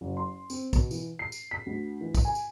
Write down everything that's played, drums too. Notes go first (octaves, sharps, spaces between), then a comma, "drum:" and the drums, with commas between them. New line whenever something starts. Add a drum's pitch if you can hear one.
F#1
C6
C4, drum: tambourine
B2, drum: kick, tambourine
E3, drum: tambourine
C7
drum: tambourine
B6
D2
E3
drum: kick, tambourine
G#5
drum: tambourine